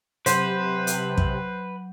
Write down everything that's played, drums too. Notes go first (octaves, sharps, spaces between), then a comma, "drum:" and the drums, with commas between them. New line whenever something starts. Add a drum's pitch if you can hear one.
C3 F#3 B4 C5, drum: hi-hat
drum: hi-hat
drum: kick